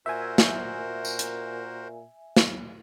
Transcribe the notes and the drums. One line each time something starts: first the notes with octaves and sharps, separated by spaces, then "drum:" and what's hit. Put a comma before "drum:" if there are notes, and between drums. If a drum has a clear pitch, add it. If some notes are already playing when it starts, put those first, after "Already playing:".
A#2 F#4 A#4 C5 E5 G#5
drum: snare
drum: tambourine
drum: hi-hat
drum: snare